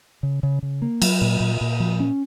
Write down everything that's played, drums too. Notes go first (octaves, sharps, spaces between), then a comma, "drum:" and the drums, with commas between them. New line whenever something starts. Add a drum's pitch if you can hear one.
C#3
C#3
C#3
A#3
F#3, drum: cymbal
A#2
A#2
A#2
F3
C#4